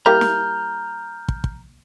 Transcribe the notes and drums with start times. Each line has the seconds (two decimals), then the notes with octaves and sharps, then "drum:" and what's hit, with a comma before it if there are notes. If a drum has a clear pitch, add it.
0.06 G3 A#3 E4 A#5 F6 G6
0.21 drum: snare
1.28 drum: kick
1.44 drum: kick